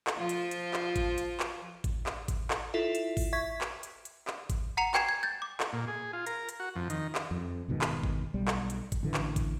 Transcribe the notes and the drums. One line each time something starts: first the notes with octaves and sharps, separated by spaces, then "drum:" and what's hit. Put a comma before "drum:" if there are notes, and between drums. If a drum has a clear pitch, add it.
drum: clap
F3 F4 C5
drum: hi-hat
drum: hi-hat
drum: clap
drum: kick G#1, hi-hat
drum: hi-hat
drum: clap
drum: kick G#1, hi-hat
drum: clap
drum: kick G#1, hi-hat
drum: clap
E4 F4 A4 E5
drum: hi-hat
drum: kick G#1, open hi-hat
E5 C#6 G#6 B6
drum: clap
drum: hi-hat
drum: hi-hat
drum: clap
drum: kick G#1, hi-hat
F#5 A#5 C#7 F7
G5 G#5 G#6 C7 E7, drum: clap
G#6
G6 A6
D6
drum: clap
A#2
G#4
F4
A#4, drum: hi-hat
drum: hi-hat
F#4
F2
D#3, drum: hi-hat
drum: clap
F2
F1 G#2 B2 D#3
drum: clap
drum: kick G#1
B1 G3
drum: clap
drum: hi-hat
drum: kick G#1, hi-hat
A1 D3 E3
drum: clap
drum: kick G#1, hi-hat